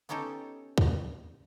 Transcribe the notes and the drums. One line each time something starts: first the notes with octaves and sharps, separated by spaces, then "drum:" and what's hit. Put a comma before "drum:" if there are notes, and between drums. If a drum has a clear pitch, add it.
B3 C#4 D#4 G4 A4
drum: kick